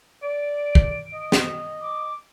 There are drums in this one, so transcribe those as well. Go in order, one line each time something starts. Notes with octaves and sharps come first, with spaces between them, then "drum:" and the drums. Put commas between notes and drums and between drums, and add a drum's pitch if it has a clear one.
D5 D7
drum: kick
D#5
drum: snare
D6